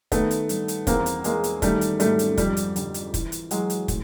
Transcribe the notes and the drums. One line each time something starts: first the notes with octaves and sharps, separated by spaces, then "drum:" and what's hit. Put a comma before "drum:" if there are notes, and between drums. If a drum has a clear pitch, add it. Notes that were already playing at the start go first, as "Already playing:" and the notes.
D#3 A3 B3, drum: kick, hi-hat
drum: hi-hat
G2, drum: hi-hat
drum: hi-hat
E2 A#3 C4, drum: kick, hi-hat
drum: hi-hat
E2 G#3 A#3, drum: hi-hat
drum: hi-hat
D#3 G3 A3, drum: kick, hi-hat
drum: hi-hat
G#2 G3 A3, drum: hi-hat
drum: hi-hat
F2 G3, drum: kick, hi-hat
drum: hi-hat
D3 G3, drum: hi-hat
drum: hi-hat
E3, drum: kick, hi-hat
drum: hi-hat
E3 F#3 G#3, drum: hi-hat
drum: hi-hat
A2, drum: kick, hi-hat